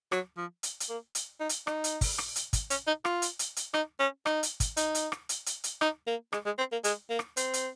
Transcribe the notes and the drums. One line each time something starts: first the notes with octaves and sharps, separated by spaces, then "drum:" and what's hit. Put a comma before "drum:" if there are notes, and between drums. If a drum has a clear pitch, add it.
F#3, drum: rim click
F3
drum: hi-hat
drum: hi-hat
A#3
drum: hi-hat
D#4
drum: hi-hat
D#4, drum: rim click
drum: hi-hat
drum: kick, open hi-hat
drum: rim click
drum: hi-hat
drum: kick, hi-hat
C#4, drum: hi-hat
D#4
F4, drum: rim click
drum: hi-hat
drum: hi-hat
drum: hi-hat
D#4, drum: rim click
C#4
D#4, drum: rim click
drum: hi-hat
drum: kick, hi-hat
D#4, drum: hi-hat
drum: hi-hat
drum: rim click
drum: hi-hat
drum: hi-hat
drum: hi-hat
D#4, drum: rim click
A#3
G#3, drum: rim click
G#3
C4
A#3
G#3, drum: hi-hat
A#3
drum: rim click
C4, drum: hi-hat
drum: hi-hat